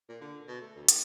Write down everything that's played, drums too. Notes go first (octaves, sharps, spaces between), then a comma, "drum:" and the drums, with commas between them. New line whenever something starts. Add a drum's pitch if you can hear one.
A#2
D3
B2
A3
D2
D#3, drum: hi-hat